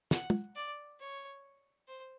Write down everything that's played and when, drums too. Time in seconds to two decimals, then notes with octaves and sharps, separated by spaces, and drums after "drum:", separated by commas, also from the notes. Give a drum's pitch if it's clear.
0.11 F#5, drum: snare
0.30 drum: tom
0.55 D5
1.00 C#5
1.88 C5